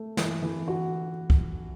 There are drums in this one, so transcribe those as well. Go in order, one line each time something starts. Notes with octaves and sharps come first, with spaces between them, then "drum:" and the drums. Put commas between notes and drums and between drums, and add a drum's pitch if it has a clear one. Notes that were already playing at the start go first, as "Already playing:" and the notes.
Already playing: A3
E3, drum: snare
E3
F#4
drum: kick C2